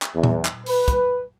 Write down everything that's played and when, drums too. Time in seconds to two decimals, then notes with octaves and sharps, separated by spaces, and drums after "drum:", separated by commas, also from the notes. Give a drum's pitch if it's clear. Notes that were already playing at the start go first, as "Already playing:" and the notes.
0.02 drum: clap
0.15 E2
0.24 drum: tom A#2
0.45 drum: clap
0.66 B4, drum: open hi-hat
0.88 drum: kick, hi-hat